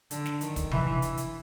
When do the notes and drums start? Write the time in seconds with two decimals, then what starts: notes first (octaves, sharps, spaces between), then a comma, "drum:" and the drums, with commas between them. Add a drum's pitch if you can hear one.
0.11 D3, drum: hi-hat
0.26 drum: snare
0.41 D#3, drum: hi-hat
0.56 drum: kick, hi-hat
0.71 E3, drum: tom C3
1.02 drum: hi-hat
1.17 drum: hi-hat